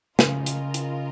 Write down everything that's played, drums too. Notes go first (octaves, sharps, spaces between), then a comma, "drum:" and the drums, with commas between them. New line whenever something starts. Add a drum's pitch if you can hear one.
C#3 F4 A#4 D#5, drum: snare
drum: hi-hat
drum: hi-hat